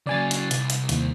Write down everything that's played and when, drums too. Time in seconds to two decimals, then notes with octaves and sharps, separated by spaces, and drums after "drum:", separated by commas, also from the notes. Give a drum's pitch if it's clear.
0.07 C#3 F#3 D5 G#5 A6
0.31 drum: hi-hat
0.51 C2, drum: hi-hat
0.70 drum: hi-hat
0.89 D#2, drum: hi-hat